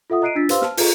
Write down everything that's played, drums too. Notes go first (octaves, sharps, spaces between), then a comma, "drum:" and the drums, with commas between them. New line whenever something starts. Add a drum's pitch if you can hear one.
F4 A4 E5 F#5 D#6
D#5 A#5 F#6 C7 D7 D#7
D4 F4 E6 A6 B6
G4 B4 C5 F5 C6 E6, drum: hi-hat
A5 F6, drum: snare
F4 G#4 A4 A#5, drum: open hi-hat